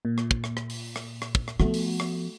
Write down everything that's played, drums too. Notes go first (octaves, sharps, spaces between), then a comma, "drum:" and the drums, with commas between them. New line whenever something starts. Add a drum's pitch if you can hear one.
A#2
drum: rim click
drum: kick
drum: rim click
drum: rim click
drum: open hi-hat
drum: rim click
drum: rim click
drum: kick
drum: rim click
F3 A3 B3 F#4, drum: rim click
drum: open hi-hat
drum: rim click